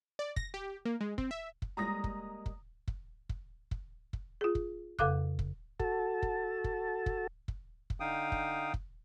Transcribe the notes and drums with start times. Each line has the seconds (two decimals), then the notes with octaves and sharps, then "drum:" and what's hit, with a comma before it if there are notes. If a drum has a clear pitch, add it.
0.19 D5
0.36 A#6, drum: kick
0.54 G4
0.85 A#3
1.01 G#3
1.18 C4, drum: kick
1.31 E5
1.62 drum: kick
1.77 G3 G#3 A#3 A#5 D#6 A#6
2.04 drum: kick
2.46 drum: kick
2.88 drum: kick
3.29 drum: kick
3.71 drum: kick
4.13 drum: kick
4.41 F4 G#4
4.55 drum: kick
4.99 F2 C#3 A4 F5 D6 F#6, drum: kick
5.39 drum: kick
5.80 F#4 A4 A5, drum: kick
6.22 drum: kick
6.64 drum: kick
7.06 drum: kick
7.48 drum: kick
7.90 drum: kick
8.00 D3 D#4 F5 G5 D#6
8.32 drum: kick
8.74 drum: kick